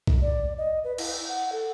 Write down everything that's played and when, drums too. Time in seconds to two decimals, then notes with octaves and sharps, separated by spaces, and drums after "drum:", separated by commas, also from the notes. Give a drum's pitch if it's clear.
0.07 drum: kick B1
0.22 D5
0.58 D#5
0.84 B4
0.98 E4, drum: cymbal
1.28 F#5
1.52 A4